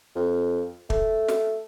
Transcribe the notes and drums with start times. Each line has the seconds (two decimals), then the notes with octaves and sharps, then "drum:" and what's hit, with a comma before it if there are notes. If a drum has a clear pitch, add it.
0.16 F2
0.90 A3, drum: kick
1.28 drum: snare